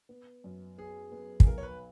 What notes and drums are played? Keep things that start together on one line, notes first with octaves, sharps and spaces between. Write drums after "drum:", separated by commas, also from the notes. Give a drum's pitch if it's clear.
B3
F#2
B3 G#4
B3
G#4, drum: kick
B1 A#4
C#5
B4